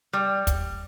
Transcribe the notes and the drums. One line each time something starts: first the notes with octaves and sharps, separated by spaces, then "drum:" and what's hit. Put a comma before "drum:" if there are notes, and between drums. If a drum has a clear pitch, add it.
G3
drum: kick, hi-hat